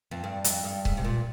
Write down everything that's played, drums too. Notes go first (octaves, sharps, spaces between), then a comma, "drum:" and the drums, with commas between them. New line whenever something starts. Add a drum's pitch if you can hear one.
F2
G2
F2, drum: hi-hat
G2
G#2, drum: kick C#1
C3
A#2